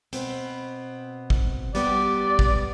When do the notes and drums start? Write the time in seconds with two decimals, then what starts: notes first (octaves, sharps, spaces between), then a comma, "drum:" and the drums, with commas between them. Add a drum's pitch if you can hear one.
0.13 B2 B3 C4, drum: hi-hat
1.30 drum: kick G#1
1.75 G3 B3 G4 D5, drum: hi-hat
2.39 drum: kick G#1